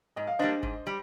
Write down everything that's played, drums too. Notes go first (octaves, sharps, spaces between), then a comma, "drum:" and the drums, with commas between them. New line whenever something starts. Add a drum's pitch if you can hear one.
G#2 D#5
F5
G3 A#3 D4 C5 D#5
G#2, drum: kick G#1
G3